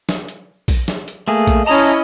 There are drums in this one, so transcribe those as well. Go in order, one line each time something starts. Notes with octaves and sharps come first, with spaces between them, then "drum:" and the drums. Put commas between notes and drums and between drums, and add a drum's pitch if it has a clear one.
drum: snare
drum: hi-hat
drum: kick A#1, open hi-hat
drum: snare
drum: hi-hat
A3 A#3 G#4
drum: kick A#1, hi-hat
C#4 E4 D#5 A5 A#5
drum: hi-hat